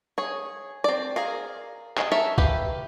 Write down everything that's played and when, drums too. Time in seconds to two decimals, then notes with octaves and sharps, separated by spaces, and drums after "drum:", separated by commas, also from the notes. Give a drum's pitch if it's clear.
0.18 G#4 C#5
0.84 C4 D5
1.16 G#4 A#4 F5
1.98 G#4 D#5, drum: clap
2.12 A4 A#4 C#5 E5
2.38 G4 B4 E5 F5, drum: kick C2